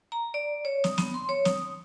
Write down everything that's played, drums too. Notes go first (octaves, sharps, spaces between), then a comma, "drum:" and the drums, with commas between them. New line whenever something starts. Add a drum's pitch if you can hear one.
A#5
D5
C#5
D#6, drum: snare
B3, drum: snare
C6
C#5
D#6, drum: snare